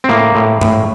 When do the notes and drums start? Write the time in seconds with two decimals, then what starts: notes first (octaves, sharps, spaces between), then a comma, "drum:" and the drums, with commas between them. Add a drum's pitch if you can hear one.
0.04 C4
0.09 A2 A#3
0.35 A2
0.61 A2, drum: tom G2